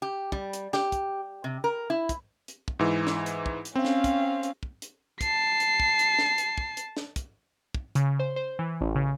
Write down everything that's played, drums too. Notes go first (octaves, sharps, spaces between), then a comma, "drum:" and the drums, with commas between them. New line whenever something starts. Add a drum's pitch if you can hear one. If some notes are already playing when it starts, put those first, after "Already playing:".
G4
G3, drum: kick
drum: hi-hat
G4, drum: snare
drum: kick, hi-hat
C3
A#4
E4
drum: kick, hi-hat
drum: hi-hat
drum: kick
G#2 E3
drum: snare
drum: hi-hat
drum: kick
drum: hi-hat
C4 C#4 F5
drum: snare
drum: kick, hi-hat
drum: hi-hat
drum: kick
drum: hi-hat
A5 C7, drum: kick, hi-hat
drum: hi-hat
drum: kick
drum: hi-hat
drum: snare
drum: hi-hat
drum: kick
drum: hi-hat
drum: snare
drum: kick, hi-hat
drum: kick
C#3, drum: hi-hat
C5
C5
E3
A1
C#3